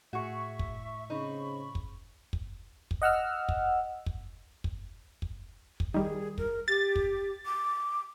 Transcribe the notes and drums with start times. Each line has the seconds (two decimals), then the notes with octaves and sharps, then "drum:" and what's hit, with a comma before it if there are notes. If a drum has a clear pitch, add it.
0.13 A2 F#4 G#4 E5 C#6
0.59 drum: kick
1.10 C#3 C4 D#4 B5
1.75 drum: kick
2.33 drum: kick
2.91 drum: kick
3.02 D#5 F#5 E6 F6
3.49 drum: kick
4.06 drum: kick
4.64 drum: kick
5.22 drum: kick
5.80 drum: kick
5.94 D#3 G3 G#4
6.38 A#4, drum: kick
6.68 G4 A6
6.96 drum: kick
7.46 D6